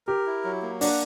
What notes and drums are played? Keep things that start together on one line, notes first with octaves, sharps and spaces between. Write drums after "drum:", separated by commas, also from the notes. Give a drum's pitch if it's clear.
G4 A#4
E4
F#3
A#3
D4 F#5, drum: open hi-hat